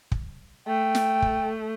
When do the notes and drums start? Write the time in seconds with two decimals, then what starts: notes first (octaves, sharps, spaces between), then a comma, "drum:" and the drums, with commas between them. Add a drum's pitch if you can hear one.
0.12 drum: kick
0.67 A3 G5
0.95 drum: snare
1.22 drum: kick